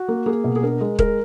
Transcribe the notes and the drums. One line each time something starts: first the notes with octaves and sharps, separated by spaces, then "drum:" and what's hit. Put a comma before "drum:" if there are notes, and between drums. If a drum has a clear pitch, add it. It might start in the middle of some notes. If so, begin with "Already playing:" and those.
Already playing: F#4
A#3
A#3 G#4
B2
G#4
D4 A#4
G#3
G#3 A#4, drum: kick D#1